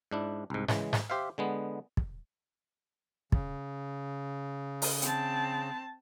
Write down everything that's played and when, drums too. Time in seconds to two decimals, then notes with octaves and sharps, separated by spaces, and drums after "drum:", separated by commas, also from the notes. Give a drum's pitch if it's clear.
0.11 G#2 D4 E4
0.50 C2 G#2
0.68 C#3 E3 G#3, drum: snare G#2
0.93 drum: snare G#2
1.10 G4 C5 E5 F5
1.38 D3 G#3 B3
1.97 drum: kick
3.32 C#3, drum: kick
4.82 drum: open hi-hat
5.02 C4 A5, drum: hi-hat